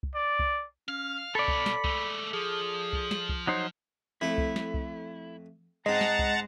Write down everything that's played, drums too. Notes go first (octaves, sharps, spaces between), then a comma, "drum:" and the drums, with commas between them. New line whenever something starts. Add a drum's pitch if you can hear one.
drum: kick C2
D5
drum: kick C2
C#4 F5
B2 A4 C#5 D5 B5
drum: kick C2
drum: snare
G#3 A3, drum: kick C2
F3 G#4
drum: kick C2
drum: snare
drum: kick C2
F#3 D#4 C5
F2 A3 E4
drum: kick C2
drum: snare
drum: kick C2
G#2 G#3 C4 D#5 F#5 A5 A#5
drum: snare
drum: kick C2